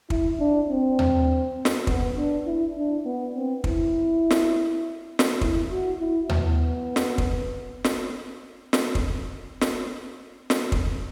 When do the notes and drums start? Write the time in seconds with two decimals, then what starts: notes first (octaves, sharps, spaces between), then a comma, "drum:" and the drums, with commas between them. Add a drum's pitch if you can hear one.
0.10 E4, drum: kick
0.40 D4
0.69 C4
0.99 drum: tom D#2
1.65 drum: snare
1.87 B3, drum: kick
2.17 D4
2.46 E4
2.76 D4
3.05 B3
3.35 C4
3.64 E4, drum: kick
4.31 drum: snare
5.19 drum: snare
5.41 E4, drum: kick
5.71 F#4
6.00 E4
6.29 B3, drum: tom D#2
6.96 drum: snare
7.18 drum: kick
7.84 drum: snare
8.73 drum: snare
8.95 drum: kick
9.61 drum: snare
10.50 drum: snare
10.72 drum: kick